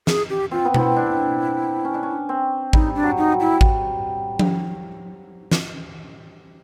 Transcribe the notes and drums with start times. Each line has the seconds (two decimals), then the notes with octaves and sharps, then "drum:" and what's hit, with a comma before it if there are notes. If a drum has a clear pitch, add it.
0.07 G#4, drum: snare
0.30 G4
0.51 C4 F4
0.65 B3
0.74 C4 E4, drum: tom B2
0.96 D4
1.85 C#4
1.94 D4
2.03 C#4
2.29 C4
2.73 G3 D#4, drum: kick A1
2.95 D4
3.03 F#3
3.18 D#4
3.33 G3
3.40 E4
3.61 drum: kick A1
4.39 drum: tom F3
5.52 drum: snare